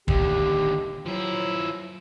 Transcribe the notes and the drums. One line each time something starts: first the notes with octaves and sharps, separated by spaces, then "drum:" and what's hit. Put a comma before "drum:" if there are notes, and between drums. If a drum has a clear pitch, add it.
D#2 D3 G4, drum: kick
F3 F#3 E4